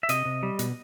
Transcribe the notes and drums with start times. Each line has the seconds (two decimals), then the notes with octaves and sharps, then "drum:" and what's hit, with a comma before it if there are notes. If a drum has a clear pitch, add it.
0.03 E5
0.09 C3 D#5, drum: hi-hat
0.25 C3
0.43 G3
0.59 B2, drum: hi-hat